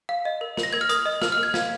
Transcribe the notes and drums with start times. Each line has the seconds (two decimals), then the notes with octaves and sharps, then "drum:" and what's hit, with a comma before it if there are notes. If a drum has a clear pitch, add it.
0.09 F5
0.25 D#5
0.41 A#4
0.57 A#4, drum: snare
0.63 A#6
0.73 A#4 G#6
0.81 F6
0.89 A#4 D#6, drum: hi-hat
1.06 D#5
1.22 A#4 F6, drum: snare
1.32 F6
1.38 A#4
1.43 G#6
1.54 F5 G#6, drum: snare